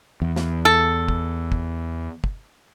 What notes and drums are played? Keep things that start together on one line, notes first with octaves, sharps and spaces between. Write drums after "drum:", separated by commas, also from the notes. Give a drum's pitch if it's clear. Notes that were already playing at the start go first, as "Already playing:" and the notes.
E2
drum: snare
A4
drum: kick
drum: kick
drum: kick